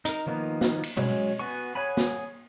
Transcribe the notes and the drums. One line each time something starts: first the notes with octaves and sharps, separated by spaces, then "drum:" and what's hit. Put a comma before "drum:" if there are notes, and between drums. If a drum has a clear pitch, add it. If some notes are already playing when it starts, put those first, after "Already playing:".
D#4 A#4, drum: hi-hat
D#3 F3 A#3 B3 D#4
drum: snare
drum: cymbal
F#3 G#3 C#4, drum: tom B2
B3 F#4 G#5 C#6
G#4 C#5 F#5 G#5 B5
drum: snare